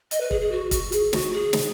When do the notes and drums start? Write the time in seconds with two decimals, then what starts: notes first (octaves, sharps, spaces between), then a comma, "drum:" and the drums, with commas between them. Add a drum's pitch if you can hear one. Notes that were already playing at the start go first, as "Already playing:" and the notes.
0.11 D#5, drum: hi-hat
0.20 B4
0.31 G#4, drum: kick
0.41 G#4
0.51 F#4
0.71 F#4, drum: kick, hi-hat
0.92 G#4, drum: hi-hat
1.13 F#4, drum: snare
1.33 G#4
1.53 drum: snare